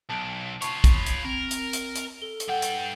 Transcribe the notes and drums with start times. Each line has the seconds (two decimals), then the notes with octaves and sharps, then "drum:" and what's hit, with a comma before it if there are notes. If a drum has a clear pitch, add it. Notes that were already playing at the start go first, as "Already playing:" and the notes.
0.09 B1 A5 D7
0.62 F4 C#5 A5 B5 C#6, drum: hi-hat
0.84 drum: kick, hi-hat
1.06 drum: hi-hat
1.25 C4 A#4
1.51 drum: hi-hat
1.73 drum: hi-hat
1.95 drum: hi-hat
2.22 A4 G7
2.40 drum: hi-hat
2.49 G2 F#5 G5
2.62 drum: hi-hat